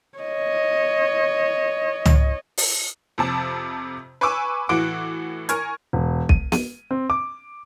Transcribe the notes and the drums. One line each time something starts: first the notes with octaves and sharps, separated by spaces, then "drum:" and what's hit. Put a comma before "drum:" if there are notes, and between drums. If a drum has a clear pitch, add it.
C#5 D#5
drum: tom
drum: open hi-hat
F2 C3 A5
B4 G#5 C#6 D6 E6
A2 E3 F#4 D6 D7
A#4 G#5 C#6 F6 G#6, drum: hi-hat
E1
D#7, drum: kick
D#7, drum: snare B3
C4
D6